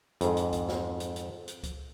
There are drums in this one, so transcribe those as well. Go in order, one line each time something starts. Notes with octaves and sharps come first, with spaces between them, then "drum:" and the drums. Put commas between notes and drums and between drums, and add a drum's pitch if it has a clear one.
F2 G#2, drum: hi-hat
drum: hi-hat
drum: kick C#2, hi-hat
drum: snare
drum: hi-hat
drum: hi-hat
drum: hi-hat
drum: kick C#2, hi-hat